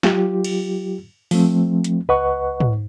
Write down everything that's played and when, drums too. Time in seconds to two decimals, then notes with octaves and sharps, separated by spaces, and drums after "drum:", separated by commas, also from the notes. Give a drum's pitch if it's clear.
0.03 F#3 F4 G4, drum: snare
0.44 drum: cymbal
1.31 F3 A3 C4, drum: open hi-hat
1.84 drum: hi-hat
2.09 C#2 B4 D#5 F#5 C#6
2.60 drum: tom